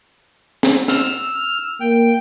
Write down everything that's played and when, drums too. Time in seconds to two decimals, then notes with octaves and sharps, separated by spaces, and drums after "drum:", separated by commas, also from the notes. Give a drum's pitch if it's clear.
0.63 drum: snare
0.88 E6 F6, drum: snare
1.81 A#3 G5